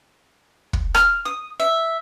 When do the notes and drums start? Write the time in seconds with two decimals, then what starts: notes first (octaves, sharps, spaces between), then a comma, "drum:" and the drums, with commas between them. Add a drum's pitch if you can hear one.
0.73 drum: kick
0.95 F6, drum: rim click
1.25 D#6
1.60 E5